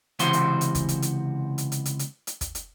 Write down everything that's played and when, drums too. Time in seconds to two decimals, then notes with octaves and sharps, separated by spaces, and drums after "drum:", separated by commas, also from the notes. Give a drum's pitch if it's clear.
0.19 C#2 C3 E3 F#4 C5 C6, drum: hi-hat
0.33 drum: hi-hat
0.61 drum: hi-hat
0.75 drum: kick, hi-hat
0.89 drum: hi-hat
1.02 drum: hi-hat
1.58 drum: hi-hat
1.72 drum: hi-hat
1.85 drum: hi-hat
1.99 drum: hi-hat
2.27 drum: hi-hat
2.41 drum: kick, hi-hat
2.55 drum: hi-hat